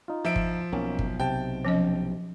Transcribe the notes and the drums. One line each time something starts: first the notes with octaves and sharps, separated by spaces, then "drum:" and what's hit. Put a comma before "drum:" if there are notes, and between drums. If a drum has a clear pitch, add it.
D#4 F4
F3 E5 D7
drum: kick G1
B1 A#3 C#4
drum: kick G1
C3 G5 A5
F3 C#4 D#5